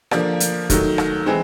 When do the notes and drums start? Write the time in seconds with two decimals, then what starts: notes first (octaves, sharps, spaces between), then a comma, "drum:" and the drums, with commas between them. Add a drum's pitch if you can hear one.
0.11 D3 F3 A#3 D4, drum: rim click
0.40 drum: hi-hat
0.70 D#3 F#3 A3, drum: kick, hi-hat
0.98 drum: rim click
1.26 E3 G#3 C4